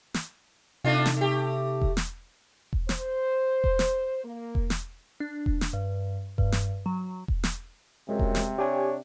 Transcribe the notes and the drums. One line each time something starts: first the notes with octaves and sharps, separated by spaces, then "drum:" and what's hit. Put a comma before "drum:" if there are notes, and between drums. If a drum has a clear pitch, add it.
drum: snare
C3 A3 D4 D#4 F4
drum: snare
A3 G4
drum: kick E1
drum: snare
drum: kick E1
C5, drum: snare
drum: kick E1
drum: snare
A#3
drum: kick E1
drum: snare
D4
drum: kick E1
drum: snare
G2
G2, drum: kick E1
drum: snare
F#3
drum: kick E1
drum: snare
F#2 C3 G#3
drum: kick E1
drum: snare
D4 G4 C#5 G#5